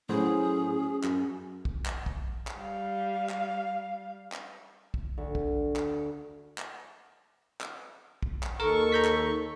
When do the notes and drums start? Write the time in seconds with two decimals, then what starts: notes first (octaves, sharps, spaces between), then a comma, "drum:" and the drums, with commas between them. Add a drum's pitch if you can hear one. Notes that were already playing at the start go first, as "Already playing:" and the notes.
0.09 A2 F#3 C#4 G#4 C5
1.04 F#2, drum: clap
1.65 drum: kick
1.86 drum: clap
2.06 drum: kick
2.47 drum: clap
2.58 G3 F5
3.30 drum: clap
4.32 drum: clap
4.94 drum: kick
5.18 D2
5.35 drum: kick
5.76 drum: clap
6.58 drum: clap
7.61 drum: clap
8.23 drum: kick
8.43 drum: clap
8.60 D#2 D#3 A4 A#4 C#6
8.92 A#5 G6 B6
9.05 drum: clap